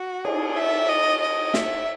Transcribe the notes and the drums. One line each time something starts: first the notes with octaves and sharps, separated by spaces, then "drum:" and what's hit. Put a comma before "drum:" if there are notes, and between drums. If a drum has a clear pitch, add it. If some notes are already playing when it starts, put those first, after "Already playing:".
Already playing: F#4
G#4, drum: cymbal
E5
D#5
D#5
E5, drum: snare